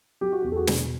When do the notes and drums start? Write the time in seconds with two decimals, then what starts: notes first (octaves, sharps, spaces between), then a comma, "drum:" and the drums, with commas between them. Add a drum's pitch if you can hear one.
0.21 F#3 G4
0.32 F#4
0.42 E2 G4
0.52 A4
0.56 F#4 G#4
0.67 B2, drum: snare